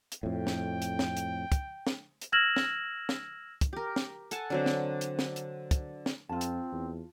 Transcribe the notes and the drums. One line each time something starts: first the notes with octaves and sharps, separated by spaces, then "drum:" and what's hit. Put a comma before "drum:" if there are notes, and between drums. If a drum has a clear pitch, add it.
drum: hi-hat
F2 A2 G5
drum: snare
drum: hi-hat
drum: snare
drum: hi-hat
drum: kick, hi-hat
drum: snare
drum: hi-hat
E6 F6 G#6 A#6 E7 F#7
drum: snare
drum: snare
drum: kick, hi-hat
G4 A#4
drum: snare
A4 F#5 G#5 A5, drum: hi-hat
D3 F#3 C4
drum: snare
drum: hi-hat
drum: snare
drum: hi-hat
drum: kick, hi-hat
drum: snare
F2 C4 F4 A5
drum: hi-hat
E2